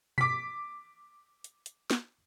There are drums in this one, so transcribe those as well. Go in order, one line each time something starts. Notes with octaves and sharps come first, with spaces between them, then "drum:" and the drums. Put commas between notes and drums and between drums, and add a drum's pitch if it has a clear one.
D6 B6, drum: tom B2
drum: hi-hat
drum: hi-hat
drum: snare